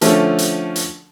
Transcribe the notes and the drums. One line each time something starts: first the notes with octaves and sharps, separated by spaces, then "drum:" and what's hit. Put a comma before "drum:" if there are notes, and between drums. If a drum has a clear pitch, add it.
D3 F3 A3 C#4, drum: hi-hat
drum: hi-hat
drum: hi-hat